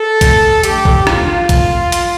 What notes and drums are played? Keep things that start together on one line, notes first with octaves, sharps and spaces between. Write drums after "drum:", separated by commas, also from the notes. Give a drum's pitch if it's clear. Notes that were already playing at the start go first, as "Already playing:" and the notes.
Already playing: A4
A2 A3, drum: kick A#1, hi-hat
D3 A3 G4, drum: hi-hat
drum: kick A#1
D3 F3 A3 F4, drum: rim click
C3 A3, drum: kick A#1, hi-hat
drum: hi-hat